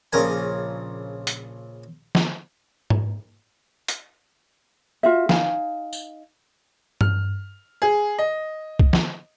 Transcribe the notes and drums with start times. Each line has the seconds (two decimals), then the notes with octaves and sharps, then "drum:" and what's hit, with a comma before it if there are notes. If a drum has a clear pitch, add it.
0.13 A#1 C#3 A#4 G#5
1.27 drum: hi-hat
2.15 drum: snare
2.90 drum: tom G#2
3.88 drum: hi-hat
5.03 F4 F#4 E5
5.29 D#4 F5 G#5, drum: snare
5.93 drum: tambourine
7.01 F6, drum: tom G2
7.82 G#4
8.19 D#5
8.79 drum: kick C2
8.93 drum: snare